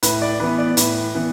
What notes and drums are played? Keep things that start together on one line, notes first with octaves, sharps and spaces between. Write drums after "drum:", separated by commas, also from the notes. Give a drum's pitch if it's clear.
A2 B4, drum: hi-hat
D5
E3 B3 B4
D5
A2 B4, drum: hi-hat
E3 B3